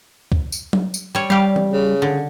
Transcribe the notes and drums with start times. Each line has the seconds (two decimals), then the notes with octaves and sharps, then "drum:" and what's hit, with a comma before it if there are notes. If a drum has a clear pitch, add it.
0.32 drum: kick
0.52 drum: tambourine
0.73 drum: tom F#3
0.94 drum: tambourine
1.15 G3 C#5
1.30 G3 G4 F5
1.56 drum: tom E3
1.70 C#3
2.02 D3